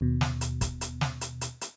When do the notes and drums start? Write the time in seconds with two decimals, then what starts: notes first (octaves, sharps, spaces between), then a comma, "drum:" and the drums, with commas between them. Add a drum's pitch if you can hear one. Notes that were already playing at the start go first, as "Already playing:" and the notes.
0.01 D#2 B2
0.21 drum: snare
0.41 drum: hi-hat
0.61 drum: kick, hi-hat
0.81 drum: hi-hat
1.01 drum: snare
1.21 drum: hi-hat
1.41 drum: hi-hat
1.61 drum: hi-hat